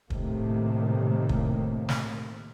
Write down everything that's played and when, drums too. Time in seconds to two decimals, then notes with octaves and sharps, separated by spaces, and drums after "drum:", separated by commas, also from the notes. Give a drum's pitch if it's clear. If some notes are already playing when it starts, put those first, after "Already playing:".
0.10 A2 C3 D#3 A3 A#3, drum: kick
1.29 drum: kick
1.89 drum: snare